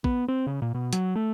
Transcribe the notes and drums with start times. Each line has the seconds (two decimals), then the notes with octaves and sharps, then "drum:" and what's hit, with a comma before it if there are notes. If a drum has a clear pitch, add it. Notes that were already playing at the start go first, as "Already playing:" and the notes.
0.04 B3, drum: kick
0.28 C4
0.47 C#3
0.62 A#2
0.74 B2
0.93 F#3, drum: hi-hat
1.15 A3